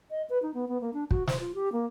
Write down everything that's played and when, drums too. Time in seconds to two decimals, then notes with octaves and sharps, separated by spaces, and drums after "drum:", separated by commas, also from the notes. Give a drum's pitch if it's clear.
0.11 D#5
0.30 B4
0.42 D#4
0.54 B3
0.68 B3
0.81 A#3
0.94 D4
1.11 F#4, drum: kick
1.27 C5, drum: snare
1.40 F4
1.55 G4
1.73 A#3